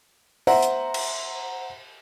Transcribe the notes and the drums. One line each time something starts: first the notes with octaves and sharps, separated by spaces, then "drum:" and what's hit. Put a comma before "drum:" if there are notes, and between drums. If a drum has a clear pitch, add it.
C5 E5 F#5 A#5, drum: open hi-hat
drum: hi-hat
drum: cymbal